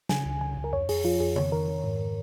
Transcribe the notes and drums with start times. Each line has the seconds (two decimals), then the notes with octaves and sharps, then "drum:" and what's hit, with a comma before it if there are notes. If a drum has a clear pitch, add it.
0.09 C#3 G#5, drum: snare
0.25 C#2
0.41 C#3 G#5
0.57 C#2
0.64 A#4
0.73 F2 C#5
0.89 F2 G#4, drum: open hi-hat
1.04 F3 F4
1.20 F2 G#4
1.36 D#3 C#5, drum: tom C#3
1.52 D#3 A#4
1.68 D#3
1.84 G#2